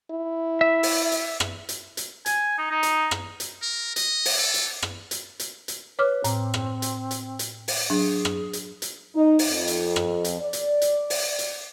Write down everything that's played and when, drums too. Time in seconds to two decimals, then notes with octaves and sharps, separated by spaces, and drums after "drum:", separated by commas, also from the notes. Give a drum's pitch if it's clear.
0.11 E4
0.61 E5
0.83 drum: open hi-hat
1.12 drum: hi-hat
1.40 drum: rim click
1.69 drum: hi-hat
1.97 drum: hi-hat
2.26 G#5, drum: hi-hat
2.58 D#4
2.71 D#4
2.83 drum: hi-hat
3.11 drum: rim click
3.40 drum: hi-hat
3.62 A#4
3.96 D#5, drum: hi-hat
4.25 drum: open hi-hat
4.38 A4
4.54 drum: hi-hat
4.82 drum: rim click
5.11 drum: hi-hat
5.40 drum: hi-hat
5.68 drum: hi-hat
5.99 B4 C#5 D6 F6
6.24 A2 C4, drum: hi-hat
6.54 drum: rim click
6.82 drum: hi-hat
7.11 drum: hi-hat
7.39 drum: hi-hat
7.68 drum: open hi-hat
7.90 F#3 D4 G#4
8.25 drum: rim click
8.53 drum: hi-hat
8.82 drum: hi-hat
9.14 D#4
9.39 drum: open hi-hat
9.49 F2
9.67 drum: hi-hat
9.96 drum: rim click
10.24 drum: hi-hat
10.40 D5
10.53 drum: hi-hat
10.82 drum: hi-hat
11.10 drum: open hi-hat
11.39 drum: hi-hat